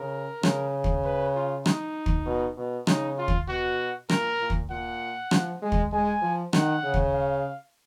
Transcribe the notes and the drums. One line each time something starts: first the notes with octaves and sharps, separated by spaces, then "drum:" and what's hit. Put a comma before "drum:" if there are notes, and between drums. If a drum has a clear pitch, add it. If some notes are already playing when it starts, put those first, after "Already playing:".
Already playing: C#3 A#4
C#3, drum: rim click
drum: kick
B4
F4
D#4, drum: rim click
drum: kick
B2
B2
C#3 D#4, drum: rim click
F4
drum: kick
B2 F#4
A#2 A#4, drum: rim click
A#2
drum: kick
A#2 F#5
F3, drum: rim click
G#3
drum: kick
G#3 G#5
F3
D#3 F#5, drum: rim click
C#3
drum: kick
F5